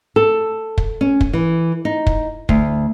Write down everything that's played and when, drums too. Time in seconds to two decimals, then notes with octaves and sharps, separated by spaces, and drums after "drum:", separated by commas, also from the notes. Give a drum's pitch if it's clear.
0.16 A4
0.78 drum: kick
1.01 C#4
1.21 drum: kick
1.33 E3
1.85 D#4
2.07 drum: kick
2.49 D2, drum: kick